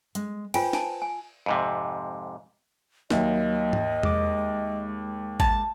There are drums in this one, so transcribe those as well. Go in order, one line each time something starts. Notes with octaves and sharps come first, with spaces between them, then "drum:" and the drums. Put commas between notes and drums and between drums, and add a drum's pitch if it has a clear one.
G#3, drum: hi-hat
F4 B4 C5 G5 G#5, drum: cymbal
G#5 A5, drum: snare
G#5
F2 G#2 C3
D#2 F#3 A#3 D#5 E5, drum: snare
drum: tom G#2
G#3 D6, drum: tom E2
A5, drum: kick G#1